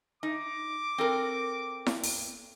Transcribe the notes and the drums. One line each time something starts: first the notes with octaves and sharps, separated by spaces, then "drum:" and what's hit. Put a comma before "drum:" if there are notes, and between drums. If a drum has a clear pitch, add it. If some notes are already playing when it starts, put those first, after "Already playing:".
D#4 D6
C4 A4 A#4
drum: snare E4
drum: open hi-hat